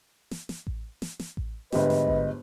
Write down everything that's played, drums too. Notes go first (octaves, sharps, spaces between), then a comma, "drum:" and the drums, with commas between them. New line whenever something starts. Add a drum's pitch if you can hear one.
drum: snare
drum: snare
drum: kick A1
drum: snare
drum: snare
drum: kick A1
G1 G#2 G4 B4 D#5, drum: snare
drum: snare
drum: kick A1